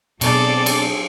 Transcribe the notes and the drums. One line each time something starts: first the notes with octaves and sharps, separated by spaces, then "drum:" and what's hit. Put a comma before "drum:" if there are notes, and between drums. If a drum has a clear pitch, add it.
B2 F#3 C4 G#4 A4 D5, drum: cymbal
drum: cymbal